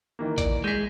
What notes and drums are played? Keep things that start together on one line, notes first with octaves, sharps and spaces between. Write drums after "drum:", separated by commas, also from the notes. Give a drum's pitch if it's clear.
D#3 E3 A#3
D5, drum: kick, hi-hat
G#3 G#4 G6 A#6 B6